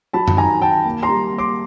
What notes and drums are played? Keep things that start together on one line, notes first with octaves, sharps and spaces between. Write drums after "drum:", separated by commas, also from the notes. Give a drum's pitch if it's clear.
F#3 A5 B5
drum: tom F#2
D#3 G#5 A#5
D#3 G5 A5
A#3
A#5 C6
G3
A#3
C6 D6